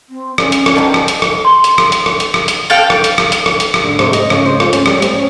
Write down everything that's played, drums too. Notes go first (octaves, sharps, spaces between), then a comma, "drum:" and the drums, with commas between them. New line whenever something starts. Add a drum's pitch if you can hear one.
C4
C#4 D5, drum: rim click
drum: hi-hat
drum: rim click
B2 D#3 F3
drum: rim click
drum: hi-hat
drum: rim click
C6
drum: hi-hat
drum: rim click
drum: hi-hat
drum: rim click
drum: hi-hat
drum: rim click
drum: hi-hat
A4 F5 G5
drum: rim click
drum: hi-hat
drum: rim click
drum: hi-hat
drum: rim click
drum: hi-hat
drum: rim click
D3
C3, drum: rim click
D#5, drum: hi-hat
C#3, drum: rim click
C5
F4, drum: rim click
C#4, drum: hi-hat
G3, drum: rim click
C4, drum: hi-hat
C#4